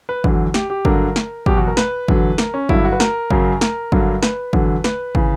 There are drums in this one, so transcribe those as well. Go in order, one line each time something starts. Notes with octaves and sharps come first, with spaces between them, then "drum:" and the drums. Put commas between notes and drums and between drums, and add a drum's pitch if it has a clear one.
B4
E2 D3 F#3, drum: kick
G4, drum: snare
G4
G2 D3 F#3 A#4, drum: kick
drum: snare
E2 B2 F#3 G4, drum: kick
F#4
A#4
B4, drum: snare
E2 D3 F#3, drum: kick
A#4, drum: snare
C#4
G2 D3 F#3 E4, drum: kick
F#4
B4
A#4, drum: snare
F#2 C#3 F#3, drum: kick
A#4, drum: snare
G2 D3 F#3, drum: kick
B4, drum: snare
E2 D3 F#3, drum: kick
B4, drum: snare
C#3 E3, drum: kick